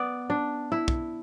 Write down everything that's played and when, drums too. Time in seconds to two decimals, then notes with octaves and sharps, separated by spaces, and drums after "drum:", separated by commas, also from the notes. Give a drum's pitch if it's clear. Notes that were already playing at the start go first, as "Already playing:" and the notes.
Already playing: B3 D5
0.30 D4
0.72 E4
0.88 drum: kick